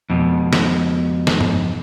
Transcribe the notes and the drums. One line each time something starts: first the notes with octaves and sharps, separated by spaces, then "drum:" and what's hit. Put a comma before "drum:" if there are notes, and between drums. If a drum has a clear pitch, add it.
F2 B2
drum: snare
drum: snare
drum: tom G2